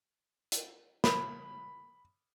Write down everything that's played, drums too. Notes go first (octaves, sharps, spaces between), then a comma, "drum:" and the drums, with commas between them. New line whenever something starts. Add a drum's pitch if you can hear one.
drum: hi-hat
B5, drum: snare